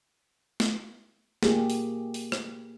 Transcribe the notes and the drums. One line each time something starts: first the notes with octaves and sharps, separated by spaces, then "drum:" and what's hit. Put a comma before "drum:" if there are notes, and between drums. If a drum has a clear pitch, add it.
drum: snare
A#3 G4 G#4, drum: snare
drum: open hi-hat
drum: open hi-hat
drum: rim click